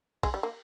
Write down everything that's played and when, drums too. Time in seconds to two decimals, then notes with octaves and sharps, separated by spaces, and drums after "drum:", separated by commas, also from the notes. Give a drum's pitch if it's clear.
0.23 G#3, drum: kick, cymbal
0.34 G3
0.43 A#3